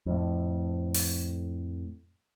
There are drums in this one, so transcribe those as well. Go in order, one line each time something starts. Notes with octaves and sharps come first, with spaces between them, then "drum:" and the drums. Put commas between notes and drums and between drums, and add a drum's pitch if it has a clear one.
F2 A2
drum: open hi-hat